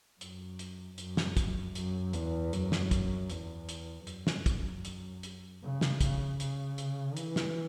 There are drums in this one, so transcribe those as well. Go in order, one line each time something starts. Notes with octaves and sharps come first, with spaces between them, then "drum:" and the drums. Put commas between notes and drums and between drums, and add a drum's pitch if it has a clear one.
F#2, drum: hi-hat
drum: hi-hat
F#2, drum: hi-hat
drum: snare
drum: kick, hi-hat
F#2, drum: hi-hat
E2, drum: hi-hat
F#2, drum: hi-hat
drum: snare
drum: kick, hi-hat
E2, drum: hi-hat
drum: hi-hat
F#2, drum: hi-hat
drum: snare
drum: kick, hi-hat
drum: hi-hat
drum: hi-hat
C#3
drum: snare
C#3, drum: kick, hi-hat
C#3, drum: hi-hat
drum: hi-hat
E3, drum: hi-hat
drum: snare